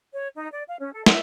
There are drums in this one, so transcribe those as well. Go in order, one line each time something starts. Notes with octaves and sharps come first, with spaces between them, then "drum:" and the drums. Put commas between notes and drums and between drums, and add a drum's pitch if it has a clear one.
C#5
D#4
D5
F5
C#4
A4
E5, drum: snare